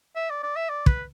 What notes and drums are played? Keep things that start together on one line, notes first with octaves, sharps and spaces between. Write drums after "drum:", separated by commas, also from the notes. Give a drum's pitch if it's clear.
E5
D5
D5
E5
D5
B4, drum: kick